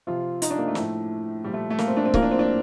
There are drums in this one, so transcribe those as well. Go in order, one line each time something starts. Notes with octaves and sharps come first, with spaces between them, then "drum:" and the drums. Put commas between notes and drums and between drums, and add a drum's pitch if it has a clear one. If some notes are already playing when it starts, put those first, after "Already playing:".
C3 F3 F4
D#4, drum: hi-hat
D4
A#3
A3
A2 F3, drum: snare
A#2 F3 G3
A3
A3
A#3, drum: snare
C4
D4
C4
A2 F3 A#3, drum: kick C#1
D4
C4
D4